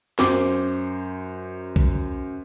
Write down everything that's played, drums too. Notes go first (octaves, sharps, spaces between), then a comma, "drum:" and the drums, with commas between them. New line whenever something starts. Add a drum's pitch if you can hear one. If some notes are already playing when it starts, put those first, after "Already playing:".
F#2 C5 D6, drum: snare
drum: kick B1